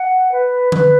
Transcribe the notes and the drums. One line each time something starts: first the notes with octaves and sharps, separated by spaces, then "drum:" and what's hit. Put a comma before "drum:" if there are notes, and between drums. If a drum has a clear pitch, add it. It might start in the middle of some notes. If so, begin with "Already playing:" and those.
Already playing: F#5
B4
B4, drum: tom D3